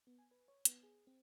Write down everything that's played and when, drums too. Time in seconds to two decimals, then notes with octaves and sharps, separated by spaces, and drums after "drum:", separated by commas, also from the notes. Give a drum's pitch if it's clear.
0.07 B3
0.19 G#5
0.31 B4
0.48 C#5
0.65 B3, drum: hi-hat
0.83 G#4
1.07 C4